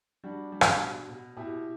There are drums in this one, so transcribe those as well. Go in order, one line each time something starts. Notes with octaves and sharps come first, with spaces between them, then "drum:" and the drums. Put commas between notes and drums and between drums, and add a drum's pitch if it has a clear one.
G3 D4 F#4
G3
drum: rim click
B2
B2
B2 E4 G4